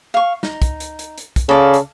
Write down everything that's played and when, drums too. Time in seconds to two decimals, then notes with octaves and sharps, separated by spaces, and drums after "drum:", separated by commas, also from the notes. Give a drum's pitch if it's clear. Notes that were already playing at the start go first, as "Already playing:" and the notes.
0.14 F5 C#6
0.43 D#4, drum: snare
0.62 drum: kick, hi-hat
0.80 drum: hi-hat
0.99 drum: hi-hat
1.18 drum: hi-hat
1.36 drum: kick, hi-hat
1.49 C#3 A4 D5 F5
1.74 drum: hi-hat